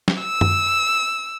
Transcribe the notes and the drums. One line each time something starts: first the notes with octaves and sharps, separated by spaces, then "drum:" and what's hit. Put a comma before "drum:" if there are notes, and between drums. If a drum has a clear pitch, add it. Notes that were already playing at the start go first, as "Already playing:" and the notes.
drum: snare
E6
drum: tom F#2